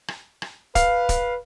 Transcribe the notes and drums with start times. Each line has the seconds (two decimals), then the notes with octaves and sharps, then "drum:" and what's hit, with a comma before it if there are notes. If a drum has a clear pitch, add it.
0.08 drum: rim click
0.42 drum: rim click
0.75 B4 F5, drum: kick, hi-hat
1.09 drum: kick, hi-hat